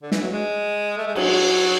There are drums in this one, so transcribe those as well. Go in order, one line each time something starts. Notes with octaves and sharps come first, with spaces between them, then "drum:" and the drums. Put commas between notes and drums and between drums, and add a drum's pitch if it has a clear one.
D3
E3, drum: snare
F#3
G#3
A3
G#3
F#3, drum: cymbal